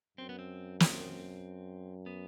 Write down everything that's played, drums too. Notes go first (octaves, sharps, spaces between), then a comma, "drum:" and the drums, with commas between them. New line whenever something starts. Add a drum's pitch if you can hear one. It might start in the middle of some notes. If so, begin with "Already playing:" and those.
F#2 C4
B3
C4
C4, drum: snare
B3